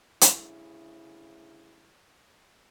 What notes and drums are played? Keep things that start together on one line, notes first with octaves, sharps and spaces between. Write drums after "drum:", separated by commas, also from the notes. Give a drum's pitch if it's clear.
D2 G2 C#3 E4, drum: hi-hat